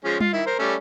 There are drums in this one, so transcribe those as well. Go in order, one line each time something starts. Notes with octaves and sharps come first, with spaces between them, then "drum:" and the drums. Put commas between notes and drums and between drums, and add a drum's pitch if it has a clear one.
F3 G#3 C#4
F4, drum: tom G3
D#3 E4
A#4 C5
G3 A3 C#4